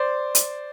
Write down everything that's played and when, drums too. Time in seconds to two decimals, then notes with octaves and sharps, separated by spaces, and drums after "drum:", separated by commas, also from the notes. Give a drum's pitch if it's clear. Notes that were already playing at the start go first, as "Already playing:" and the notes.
Already playing: C5 D5
0.35 drum: hi-hat